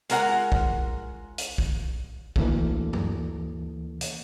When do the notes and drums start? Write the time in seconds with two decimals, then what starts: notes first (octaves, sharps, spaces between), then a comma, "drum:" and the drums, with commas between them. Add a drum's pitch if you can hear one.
0.09 G#3 F4 A#4 C#5 F#5 G#5, drum: hi-hat
0.52 drum: kick
1.38 drum: hi-hat
1.58 drum: kick
2.36 D2 E3 A#3 A4, drum: kick
2.93 drum: tom G2
4.01 drum: hi-hat